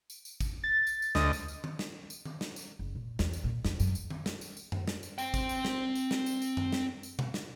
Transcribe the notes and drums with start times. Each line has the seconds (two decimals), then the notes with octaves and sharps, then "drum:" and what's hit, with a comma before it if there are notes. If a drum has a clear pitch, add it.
0.10 drum: tambourine
0.25 drum: tambourine
0.41 drum: kick, tambourine
0.64 A6
0.87 drum: tambourine
1.02 drum: tambourine
1.15 D2 D#5, drum: snare
1.33 drum: tambourine
1.48 drum: tambourine
1.64 drum: tom D#3
1.79 drum: snare
2.10 drum: tambourine
2.25 drum: tom D#3
2.41 drum: snare
2.56 drum: tambourine
2.79 F#1
2.95 A#2
3.19 E2, drum: snare
3.33 drum: tambourine
3.44 A#2
3.65 F2, drum: snare
3.80 F#2, drum: tambourine
3.95 drum: tambourine
4.10 drum: tom D#3
4.26 drum: snare
4.41 drum: tambourine
4.57 drum: tambourine
4.72 drum: tom F#2
4.88 drum: snare
5.03 drum: tambourine
5.18 C4 G5, drum: tambourine
5.34 drum: kick, tambourine
5.49 drum: tambourine
5.65 drum: snare
5.95 drum: tambourine
6.11 drum: snare
6.26 drum: tambourine
6.42 drum: tambourine
6.57 drum: tom F#2
6.72 drum: snare
7.03 drum: tambourine
7.19 drum: tom B2
7.34 drum: snare